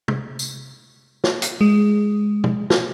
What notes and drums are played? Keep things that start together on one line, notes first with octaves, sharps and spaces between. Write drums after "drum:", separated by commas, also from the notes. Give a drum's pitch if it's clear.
drum: tom
drum: tambourine
drum: snare
drum: hi-hat
G#3
drum: tom
drum: snare